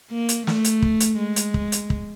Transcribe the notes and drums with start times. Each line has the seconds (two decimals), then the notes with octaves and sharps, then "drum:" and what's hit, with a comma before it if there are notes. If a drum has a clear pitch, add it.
0.11 A#3
0.29 drum: hi-hat
0.47 A3, drum: snare
0.64 drum: hi-hat
0.82 drum: kick
1.00 drum: hi-hat
1.18 G#3
1.36 drum: hi-hat
1.54 drum: kick
1.72 drum: hi-hat
1.90 drum: kick